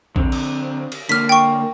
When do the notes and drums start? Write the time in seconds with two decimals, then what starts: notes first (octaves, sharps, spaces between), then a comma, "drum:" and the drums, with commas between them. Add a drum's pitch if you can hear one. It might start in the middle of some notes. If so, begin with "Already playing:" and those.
0.16 D3 C4, drum: kick A#1
0.32 drum: cymbal
0.92 drum: cymbal
1.09 D3 A#3 F6 B6
1.29 G5 C#6